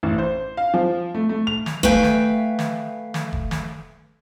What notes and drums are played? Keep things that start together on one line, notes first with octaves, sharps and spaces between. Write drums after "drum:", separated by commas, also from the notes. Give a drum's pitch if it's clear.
A1
C5
F5
F3
A3
A3
F7
drum: snare
A3 B4 E5 F5 G5 G#5, drum: kick F1
drum: snare
drum: snare
drum: snare
drum: kick F1
drum: snare